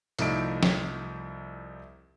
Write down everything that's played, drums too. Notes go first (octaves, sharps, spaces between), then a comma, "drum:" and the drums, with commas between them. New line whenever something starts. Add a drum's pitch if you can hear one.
C2 F3 A3 D#4 E4 D7, drum: hi-hat
drum: snare